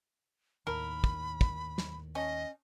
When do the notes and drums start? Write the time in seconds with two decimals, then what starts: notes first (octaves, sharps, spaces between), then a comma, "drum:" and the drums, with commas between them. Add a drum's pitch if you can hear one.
0.67 D#2 A2 D#3 A#4 B5
1.04 drum: kick
1.41 drum: kick
1.78 drum: snare
2.15 C#4 D#5